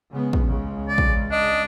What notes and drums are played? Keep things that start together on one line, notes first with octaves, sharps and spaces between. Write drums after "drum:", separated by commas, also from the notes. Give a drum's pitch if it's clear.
C#3 G#3 B3
drum: kick
C#2 C#3 G#3
D5
drum: kick
D4 D#5